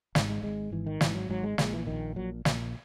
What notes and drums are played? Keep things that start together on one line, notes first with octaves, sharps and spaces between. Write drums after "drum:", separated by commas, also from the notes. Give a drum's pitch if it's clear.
G#1 G#2, drum: snare
G#3
G#1 G#2 G#3
G#1 G#2 E3
D#3
G#1 G#2 E3, drum: snare
F#3
G#1 G#2 F#3
G#3
A#1 A#2 G#3, drum: snare
E3
A#1 A#2 D#3
A#1 A#2 F#3
A#1 A#2, drum: snare